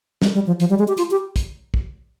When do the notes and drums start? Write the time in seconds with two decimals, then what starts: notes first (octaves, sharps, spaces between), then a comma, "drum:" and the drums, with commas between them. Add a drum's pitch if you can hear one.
0.22 G3, drum: snare
0.34 G3
0.47 F3
0.60 F3, drum: hi-hat
0.70 G3
0.79 G#3
0.88 G4
0.98 F4, drum: hi-hat
1.11 G4
1.36 drum: kick, hi-hat
1.74 drum: kick